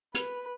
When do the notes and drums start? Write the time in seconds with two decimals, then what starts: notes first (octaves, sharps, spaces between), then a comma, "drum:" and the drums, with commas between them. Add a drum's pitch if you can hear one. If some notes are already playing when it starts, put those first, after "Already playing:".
0.14 B4, drum: hi-hat